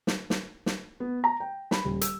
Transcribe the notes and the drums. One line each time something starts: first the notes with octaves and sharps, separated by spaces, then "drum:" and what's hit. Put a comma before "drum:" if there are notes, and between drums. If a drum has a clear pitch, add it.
drum: snare
drum: snare
drum: snare
B3
A#5
G5
B5, drum: snare
D#1
E6, drum: hi-hat